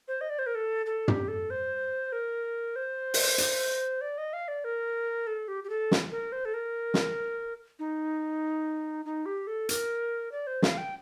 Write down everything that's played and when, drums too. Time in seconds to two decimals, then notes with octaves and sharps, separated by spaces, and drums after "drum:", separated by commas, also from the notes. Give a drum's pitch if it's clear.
0.08 C5
0.21 D#5
0.30 D5
0.39 C5
0.46 A#4
0.55 A4
0.86 A4
1.08 G4, drum: tom
1.28 A4
1.50 C5
2.12 A#4
2.76 C5
3.14 drum: open hi-hat
3.38 drum: hi-hat
4.01 D5
4.18 D#5
4.33 F5
4.48 D5
4.64 A#4
5.27 A4
5.48 G4
5.64 G4
5.70 A4
5.91 drum: snare
6.12 A#4
6.32 C5
6.45 A4
6.54 A#4
6.94 drum: snare
7.79 D#4
9.05 D#4
9.26 G4
9.47 A4
9.69 A#4, drum: hi-hat
10.32 D5
10.47 C5
10.62 F5, drum: snare
10.78 G5